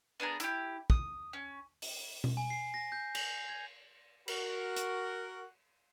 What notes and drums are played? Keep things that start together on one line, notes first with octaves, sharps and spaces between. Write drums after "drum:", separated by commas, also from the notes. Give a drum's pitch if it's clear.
B3 D4 G#4 A#4
E4 G4, drum: hi-hat
D#6, drum: kick
C#4
drum: open hi-hat
drum: tom B2
G#5
C7
A#6
G6
F7, drum: cymbal
G#6
F#4 A#4, drum: cymbal
drum: hi-hat